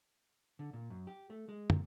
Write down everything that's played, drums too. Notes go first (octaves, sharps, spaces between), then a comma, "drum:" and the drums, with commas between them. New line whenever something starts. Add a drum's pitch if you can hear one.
D3
A#2
F#2
G4
A3
G#3
A#2, drum: tom